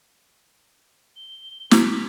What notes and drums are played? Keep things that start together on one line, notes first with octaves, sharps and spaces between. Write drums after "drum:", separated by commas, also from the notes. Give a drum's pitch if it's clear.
G7
A#4 B6, drum: snare